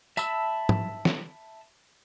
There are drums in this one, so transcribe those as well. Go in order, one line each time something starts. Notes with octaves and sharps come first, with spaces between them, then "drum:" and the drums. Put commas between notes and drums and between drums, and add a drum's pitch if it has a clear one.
E5 A5 B5 E6, drum: tambourine
drum: tom
drum: snare